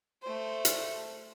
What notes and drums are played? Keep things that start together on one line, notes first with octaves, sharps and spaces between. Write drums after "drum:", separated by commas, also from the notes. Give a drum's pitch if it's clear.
A3 C5
drum: hi-hat